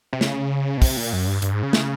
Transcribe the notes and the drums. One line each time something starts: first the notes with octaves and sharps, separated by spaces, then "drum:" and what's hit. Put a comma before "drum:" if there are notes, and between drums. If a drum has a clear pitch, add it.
C3
C#3, drum: snare
B2
C3, drum: kick, open hi-hat
A#2
F#2
G2
G2, drum: hi-hat
G#2
C#3
drum: snare